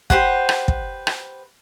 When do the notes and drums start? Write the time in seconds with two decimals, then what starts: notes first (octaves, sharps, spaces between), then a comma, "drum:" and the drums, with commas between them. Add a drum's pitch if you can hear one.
0.10 G4 B4 C5 F#5, drum: kick
0.49 drum: rim click
0.68 drum: kick
1.07 drum: rim click